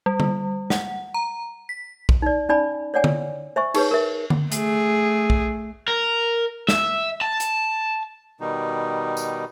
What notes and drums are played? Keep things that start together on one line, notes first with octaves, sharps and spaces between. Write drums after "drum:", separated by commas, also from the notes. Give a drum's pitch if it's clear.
G3
drum: tom D3
F#5, drum: snare
A#5
B6
drum: kick
D#4 D5
C#4 D#4 D5 G#5 B5
C#5 D5 F#5 G#5
drum: tom D3
C5 E5 G#5 C#6
D#4 G#4 B4 C#5, drum: cymbal
A#4 E5
drum: tom D3
A3 G#4, drum: hi-hat
drum: kick
A#4
E5, drum: snare
A5
drum: hi-hat
B2 D#3 G3 D#4
drum: tambourine